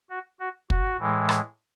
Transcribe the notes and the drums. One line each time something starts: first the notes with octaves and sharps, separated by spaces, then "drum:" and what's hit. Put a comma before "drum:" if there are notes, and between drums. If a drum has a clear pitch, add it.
F#4
F#4
F#4, drum: kick
A2 E3 G#3
drum: rim click